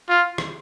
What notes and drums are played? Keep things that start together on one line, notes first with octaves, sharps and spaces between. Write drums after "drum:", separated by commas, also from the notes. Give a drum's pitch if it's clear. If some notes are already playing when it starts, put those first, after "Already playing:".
F4
drum: rim click